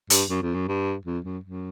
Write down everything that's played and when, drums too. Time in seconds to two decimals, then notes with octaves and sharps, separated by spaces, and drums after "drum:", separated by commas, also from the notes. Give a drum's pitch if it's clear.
0.10 G2, drum: hi-hat
0.30 F#2
0.42 F2
0.55 F#2
0.68 G2
1.06 F2
1.25 F#2
1.44 F#2